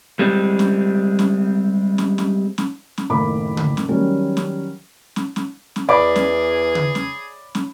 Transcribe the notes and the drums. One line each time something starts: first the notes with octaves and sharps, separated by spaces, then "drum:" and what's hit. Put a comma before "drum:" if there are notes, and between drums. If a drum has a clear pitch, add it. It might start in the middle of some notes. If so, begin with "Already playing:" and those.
G3 G#3 C4
drum: snare
drum: snare
drum: snare
drum: snare
drum: snare
drum: snare
F#1 A2 D#3 A#3 B5 D6
drum: tom C#3
drum: snare
D#3 F#3 G3 C#4
drum: snare
drum: snare
drum: snare
drum: snare
E2 G#4 D5 B5 D6
drum: snare
drum: tom C#3
drum: snare
drum: snare